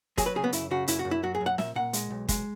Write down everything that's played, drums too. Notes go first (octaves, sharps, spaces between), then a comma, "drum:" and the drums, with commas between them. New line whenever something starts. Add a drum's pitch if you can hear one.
F#3 G#4, drum: kick, hi-hat
B4
C#3 G#4
B3
F#2 E4, drum: hi-hat
C#3 F#4
F#2 E4, drum: hi-hat
F#4
F#2
E4
F#3 F#4
G#4
F#2
F#5
A#2 E5, drum: snare
A#2 F#5
G#3, drum: hi-hat
B1
G#3, drum: kick, hi-hat